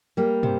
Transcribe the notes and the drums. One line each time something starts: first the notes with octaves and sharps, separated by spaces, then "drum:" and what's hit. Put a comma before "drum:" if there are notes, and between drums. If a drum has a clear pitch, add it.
G3 A#3
C3, drum: tom